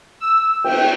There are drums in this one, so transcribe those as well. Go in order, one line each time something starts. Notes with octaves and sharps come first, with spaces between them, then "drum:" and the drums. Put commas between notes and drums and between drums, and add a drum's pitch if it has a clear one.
E6
G5, drum: cymbal